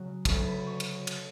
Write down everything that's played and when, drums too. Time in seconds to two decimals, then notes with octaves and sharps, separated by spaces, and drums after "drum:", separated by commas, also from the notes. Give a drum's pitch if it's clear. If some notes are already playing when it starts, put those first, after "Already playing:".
Already playing: C#3 F#3 C#4 F#4
0.25 D2 C#3 F#3 C#4 A4, drum: kick, cymbal
0.46 B4
0.66 C#5
0.80 drum: cymbal
1.07 drum: cymbal